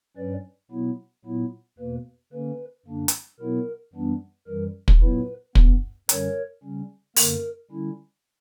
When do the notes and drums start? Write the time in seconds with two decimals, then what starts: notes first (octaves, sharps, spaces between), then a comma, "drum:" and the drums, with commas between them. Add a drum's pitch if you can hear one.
0.17 G2 F#3 C#4 B4 D5
0.71 B2 F#3 B3 E4
1.25 A#2 F#3 B3 E4
1.79 E2 B2 A#3 B4
2.33 D3 A#3 C#4 B4
2.86 F#2 D3 A#3 D4
3.08 drum: hi-hat
3.40 B2 F#3 B3 E4 A#4
3.94 F#2 E3 G3 B3 D4
4.48 F#2 E3 G3 A#4
4.88 drum: kick
5.01 A#2 F#3 B3 E4 B4
5.55 G2 E3 B3, drum: kick
6.09 F#2 D3 G3 C#4 A#4 C#5, drum: hi-hat
6.63 C#3 G3 C#4
7.16 F#2 D3 A#3 A#4, drum: open hi-hat
7.71 D3 G3 C#4 E4